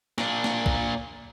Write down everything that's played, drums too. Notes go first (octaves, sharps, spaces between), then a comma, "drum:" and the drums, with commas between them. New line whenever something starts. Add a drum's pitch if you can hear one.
A#2 D4, drum: snare
drum: snare
drum: kick